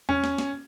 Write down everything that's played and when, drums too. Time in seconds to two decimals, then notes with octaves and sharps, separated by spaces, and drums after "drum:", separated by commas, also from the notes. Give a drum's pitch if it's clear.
0.09 C#4, drum: tom E2
0.24 drum: snare
0.38 drum: snare